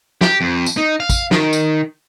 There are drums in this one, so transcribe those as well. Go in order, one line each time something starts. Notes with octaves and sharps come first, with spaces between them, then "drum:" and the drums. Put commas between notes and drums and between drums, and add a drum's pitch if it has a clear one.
G4, drum: snare
F2
drum: tambourine
D#4
F5
drum: kick, tambourine
D#3, drum: snare
drum: tambourine